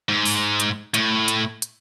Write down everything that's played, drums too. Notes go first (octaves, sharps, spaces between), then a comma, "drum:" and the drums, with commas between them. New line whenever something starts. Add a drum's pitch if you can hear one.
G#2
drum: open hi-hat
drum: hi-hat
A2, drum: hi-hat
drum: hi-hat
drum: hi-hat